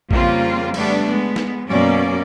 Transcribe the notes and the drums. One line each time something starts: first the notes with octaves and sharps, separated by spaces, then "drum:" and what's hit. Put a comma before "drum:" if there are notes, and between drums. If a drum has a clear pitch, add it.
F2 C#3 G3 A#3 C4 F4, drum: kick
G3 A3 B3 D4, drum: cymbal
G#3 B3
drum: snare
F#2 B2 A#3 C#4 D5